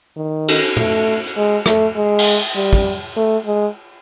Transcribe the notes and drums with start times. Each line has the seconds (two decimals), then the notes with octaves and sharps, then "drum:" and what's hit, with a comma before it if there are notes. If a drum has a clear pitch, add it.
0.16 D#3
0.48 drum: cymbal
0.77 A3, drum: tom
1.26 drum: hi-hat
1.36 G#3
1.66 A3, drum: rim click
1.96 G#3
2.18 drum: cymbal
2.56 G3
2.73 drum: kick
3.16 A3
3.46 G#3